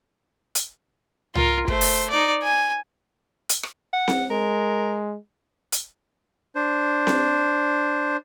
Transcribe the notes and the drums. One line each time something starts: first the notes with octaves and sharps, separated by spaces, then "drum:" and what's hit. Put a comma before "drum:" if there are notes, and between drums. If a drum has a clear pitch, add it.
drum: hi-hat
F4 A#4, drum: tom C2
A3 C5, drum: kick
drum: open hi-hat
D#4 D5
G#5
drum: hi-hat
drum: rim click
F#5
drum: snare C4
G#3 A#4
drum: hi-hat
D4 C5
drum: snare C4